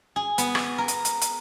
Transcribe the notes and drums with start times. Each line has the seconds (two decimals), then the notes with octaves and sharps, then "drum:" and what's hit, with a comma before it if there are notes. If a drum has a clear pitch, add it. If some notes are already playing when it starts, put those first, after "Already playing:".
0.16 G#4
0.38 B3, drum: hi-hat
0.55 drum: rim click
0.78 A#4
0.88 drum: hi-hat
1.05 drum: hi-hat
1.22 drum: hi-hat